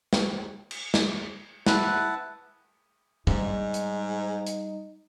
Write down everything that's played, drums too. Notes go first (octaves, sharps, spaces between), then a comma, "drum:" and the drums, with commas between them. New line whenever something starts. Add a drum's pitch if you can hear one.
drum: snare
drum: cymbal
drum: snare
E4 B4 F#5 A5, drum: snare
G#2 G3 D#4, drum: kick
drum: hi-hat
drum: hi-hat